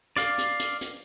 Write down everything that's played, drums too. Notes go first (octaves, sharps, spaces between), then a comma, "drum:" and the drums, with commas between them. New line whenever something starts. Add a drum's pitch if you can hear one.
D5 F5, drum: hi-hat
drum: hi-hat
drum: hi-hat
drum: hi-hat